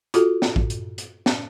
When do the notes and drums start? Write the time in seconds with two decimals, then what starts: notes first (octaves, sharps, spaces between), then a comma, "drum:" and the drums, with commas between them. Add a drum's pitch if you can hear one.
0.14 F4 F#4 A4, drum: hi-hat
0.42 drum: snare
0.56 drum: kick
0.70 drum: hi-hat
0.98 drum: hi-hat
1.26 drum: snare